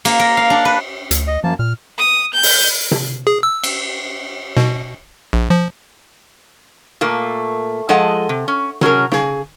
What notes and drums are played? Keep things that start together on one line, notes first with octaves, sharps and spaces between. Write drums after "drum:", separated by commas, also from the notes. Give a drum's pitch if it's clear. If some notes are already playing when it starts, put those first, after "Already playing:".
A#3, drum: cymbal
A#4
F5
D4
B4
D2, drum: hi-hat
D#5
F#2 F3 A#3 A5
A#2 F6
D#6
G6
drum: open hi-hat
drum: tom C3
G#4
E6
drum: cymbal
B2, drum: snare
A#1
F3
A#2 A3 A#3
F3 G#3 A4 D#5 F#5
C3
C#4
F#3 C#4 G#4 A#4, drum: tom C3
C#3 G#4, drum: snare